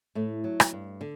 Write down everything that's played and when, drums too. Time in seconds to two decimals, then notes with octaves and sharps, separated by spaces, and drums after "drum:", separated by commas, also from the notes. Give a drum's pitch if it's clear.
0.15 A2 A3
0.44 F#3
0.60 drum: rim click
0.73 G2
1.01 D3